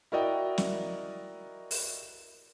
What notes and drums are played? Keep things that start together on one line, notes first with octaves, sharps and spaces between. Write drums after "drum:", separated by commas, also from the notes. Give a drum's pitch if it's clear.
E4 F#4 A#4 D5 D#5 G5
drum: snare
drum: open hi-hat